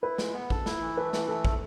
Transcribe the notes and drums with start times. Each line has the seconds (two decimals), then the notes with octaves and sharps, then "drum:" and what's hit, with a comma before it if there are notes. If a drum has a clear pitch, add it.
0.02 E4 B4
0.18 G#3, drum: snare
0.33 B3
0.50 A4, drum: kick
0.66 E4, drum: snare
0.81 E3
0.97 A3 B4
1.13 E3, drum: snare
1.28 A3 A4
1.45 drum: kick